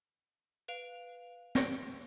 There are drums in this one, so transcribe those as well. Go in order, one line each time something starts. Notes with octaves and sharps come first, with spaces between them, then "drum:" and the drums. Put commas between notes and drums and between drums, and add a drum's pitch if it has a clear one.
B4 F5 D7 F7
A#6 D7, drum: snare